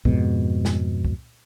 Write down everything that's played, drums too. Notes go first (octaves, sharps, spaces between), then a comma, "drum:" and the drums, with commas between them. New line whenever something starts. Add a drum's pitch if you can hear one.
F2 G#2 B2, drum: kick
drum: snare
drum: kick